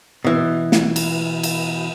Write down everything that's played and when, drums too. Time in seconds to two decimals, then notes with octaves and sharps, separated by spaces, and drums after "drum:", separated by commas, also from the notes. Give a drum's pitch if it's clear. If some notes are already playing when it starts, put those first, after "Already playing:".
0.24 B2 E3
0.72 drum: snare
0.96 drum: cymbal
1.43 drum: cymbal